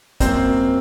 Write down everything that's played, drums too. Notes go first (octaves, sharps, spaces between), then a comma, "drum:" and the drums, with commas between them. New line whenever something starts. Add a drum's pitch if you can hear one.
F#2 F#3 A#3 C4 C5, drum: kick, hi-hat